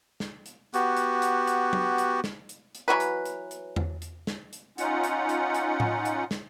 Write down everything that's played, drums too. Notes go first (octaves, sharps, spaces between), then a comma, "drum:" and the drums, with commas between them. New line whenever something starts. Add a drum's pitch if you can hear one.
drum: snare
drum: hi-hat
B3 F#4 G4, drum: hi-hat
drum: hi-hat
drum: hi-hat
drum: hi-hat
drum: tom F#3
drum: hi-hat
drum: snare
drum: hi-hat
drum: hi-hat
E3 F#3 F#4 B4
drum: hi-hat
drum: hi-hat
drum: hi-hat
drum: tom E2
drum: hi-hat
drum: snare
drum: hi-hat
C#4 D#4 F4 F#5, drum: hi-hat
drum: hi-hat
drum: hi-hat
drum: hi-hat
drum: tom A2
drum: hi-hat
drum: snare